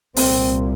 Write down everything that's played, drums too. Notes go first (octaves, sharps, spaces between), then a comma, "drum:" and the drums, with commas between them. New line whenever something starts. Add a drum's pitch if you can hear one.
C2 A#2 C4, drum: open hi-hat